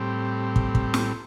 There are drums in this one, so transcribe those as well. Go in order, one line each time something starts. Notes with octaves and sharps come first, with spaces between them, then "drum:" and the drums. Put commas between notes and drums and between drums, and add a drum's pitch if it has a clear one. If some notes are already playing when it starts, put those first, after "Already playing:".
Already playing: A2 G3 C4
drum: kick
drum: kick
drum: snare